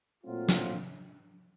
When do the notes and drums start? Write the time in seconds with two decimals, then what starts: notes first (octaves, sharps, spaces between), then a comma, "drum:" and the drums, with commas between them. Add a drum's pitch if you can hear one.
0.24 A#2 F#3 A3 C4 F4
0.49 drum: snare